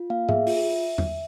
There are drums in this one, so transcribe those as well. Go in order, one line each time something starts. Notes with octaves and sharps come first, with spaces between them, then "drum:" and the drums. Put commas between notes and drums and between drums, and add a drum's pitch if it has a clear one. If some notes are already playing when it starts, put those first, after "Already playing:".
Already playing: F4
A#3 F5
G#4 E5, drum: tom G#2
F4, drum: open hi-hat
drum: tom E2